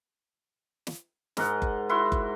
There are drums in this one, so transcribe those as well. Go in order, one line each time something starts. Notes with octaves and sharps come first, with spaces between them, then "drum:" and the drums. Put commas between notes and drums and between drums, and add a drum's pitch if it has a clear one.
drum: snare
G#2 A#4 D#5 F#5, drum: snare
drum: kick F#1
E4 F#4 F#5 C6
drum: kick F#1